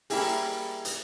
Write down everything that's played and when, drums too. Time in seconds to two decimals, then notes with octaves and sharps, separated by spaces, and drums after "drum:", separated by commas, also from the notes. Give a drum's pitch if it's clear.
0.10 G3 A#3 E4 G4 G#4, drum: open hi-hat
0.85 drum: hi-hat